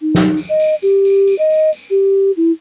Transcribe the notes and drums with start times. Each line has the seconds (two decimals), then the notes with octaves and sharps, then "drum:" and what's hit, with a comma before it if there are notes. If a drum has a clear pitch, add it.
0.02 D#4
0.15 drum: snare
0.37 drum: tambourine
0.49 D#5
0.60 drum: tambourine
0.82 G4, drum: tambourine
1.05 drum: tambourine
1.28 drum: tambourine
1.39 D#5
1.50 drum: tambourine
1.73 drum: tambourine
1.90 G4
2.37 E4